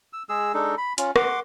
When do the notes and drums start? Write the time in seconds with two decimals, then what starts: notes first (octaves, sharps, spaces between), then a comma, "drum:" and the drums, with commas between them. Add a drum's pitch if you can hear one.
0.13 E6
0.29 G#3 G#4 E6
0.54 G#3 D4 D#4 A4
0.78 B5
0.98 C#4 F4, drum: hi-hat
1.16 F#5 C6 D6, drum: rim click